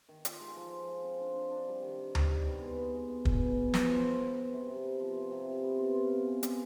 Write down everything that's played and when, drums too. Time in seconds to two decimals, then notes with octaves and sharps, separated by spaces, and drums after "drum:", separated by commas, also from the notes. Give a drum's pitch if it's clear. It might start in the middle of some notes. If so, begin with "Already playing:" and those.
0.09 D#3
0.25 F4, drum: hi-hat
0.41 G#3
0.57 F3
0.72 F3
0.88 F4
1.04 C4
1.20 D4
1.36 D4
1.52 D4
1.68 G3
1.82 D#3
1.99 D#3
2.15 G3, drum: tom D2
2.30 G3
2.47 B3
2.62 G#3
2.78 B3
2.94 G#3
3.10 B3
3.25 B2, drum: kick
3.42 B3
3.57 B2
3.74 F3, drum: snare
3.89 F3
4.05 B3
4.21 B3
4.36 B3
4.53 C3
4.68 C3
4.84 B3
5.00 F3
5.16 C3
5.31 C3
5.47 C3
5.63 B3
5.78 F4
5.95 F4
6.11 B2
6.27 G#4
6.43 G#3, drum: hi-hat